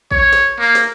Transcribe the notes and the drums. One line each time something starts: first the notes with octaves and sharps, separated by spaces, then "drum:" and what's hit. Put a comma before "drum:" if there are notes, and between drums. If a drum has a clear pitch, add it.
C#5, drum: kick
drum: snare
A#3
drum: snare